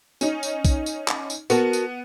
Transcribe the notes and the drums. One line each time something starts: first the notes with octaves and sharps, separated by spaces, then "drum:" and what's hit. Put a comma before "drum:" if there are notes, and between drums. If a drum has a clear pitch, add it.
C#4 D#4, drum: tambourine
drum: tambourine
drum: kick, tambourine
drum: tambourine
drum: clap
drum: tambourine
B3 F#4 A#4 A5, drum: tambourine
drum: tambourine